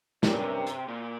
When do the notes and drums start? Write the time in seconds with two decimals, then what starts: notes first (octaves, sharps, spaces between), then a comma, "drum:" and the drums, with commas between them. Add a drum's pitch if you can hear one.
0.23 G2 C3 G3 C#4 G4 A#4, drum: snare
0.31 A#2
0.38 C3
0.67 drum: hi-hat
0.88 A#2